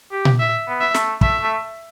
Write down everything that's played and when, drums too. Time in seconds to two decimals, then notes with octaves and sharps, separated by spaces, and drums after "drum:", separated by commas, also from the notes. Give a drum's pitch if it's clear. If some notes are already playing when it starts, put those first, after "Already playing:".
0.12 G4
0.25 drum: tom A#2
0.39 E5
0.68 B3
0.81 E5
0.95 A3, drum: snare
1.21 A3 E5, drum: kick
1.42 A3